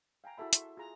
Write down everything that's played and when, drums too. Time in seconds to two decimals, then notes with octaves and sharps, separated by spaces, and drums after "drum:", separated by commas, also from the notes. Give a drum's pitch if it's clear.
0.24 F5 G5 G#5 A#5
0.38 E4 F#4 G#4 A4 E5 B5
0.53 E5 C6 C#6, drum: hi-hat
0.77 F4 G#4 A#5